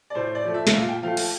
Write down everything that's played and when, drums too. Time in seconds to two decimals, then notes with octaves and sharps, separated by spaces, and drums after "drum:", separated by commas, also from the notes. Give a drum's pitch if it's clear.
0.10 D5
0.15 A2 C5
0.35 D5
0.45 F3 A3
0.54 E5
0.67 E5, drum: snare
0.73 A#2 F5
0.89 G5
1.02 F3 A3 F5
1.17 G5, drum: cymbal